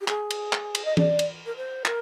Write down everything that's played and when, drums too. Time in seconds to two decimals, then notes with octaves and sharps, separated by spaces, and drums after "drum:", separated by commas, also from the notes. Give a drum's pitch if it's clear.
0.01 G4
0.08 G#4, drum: clap
0.31 drum: cymbal
0.53 drum: clap
0.75 drum: cymbal
0.85 D#5
0.97 D5, drum: tom E3
1.19 drum: cymbal
1.46 A#4
1.56 C5
1.85 A#4, drum: clap